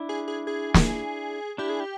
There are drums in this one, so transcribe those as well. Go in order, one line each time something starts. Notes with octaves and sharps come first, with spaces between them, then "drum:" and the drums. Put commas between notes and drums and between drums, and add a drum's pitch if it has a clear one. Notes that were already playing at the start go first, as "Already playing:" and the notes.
Already playing: D4 E4
G#4
G#4
G#4
G#4, drum: snare
D4 E4 G4
G#4
G4